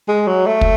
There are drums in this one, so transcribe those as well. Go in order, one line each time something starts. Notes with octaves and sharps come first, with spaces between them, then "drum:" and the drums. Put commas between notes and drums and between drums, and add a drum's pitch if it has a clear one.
G#3
F#3
A3
drum: kick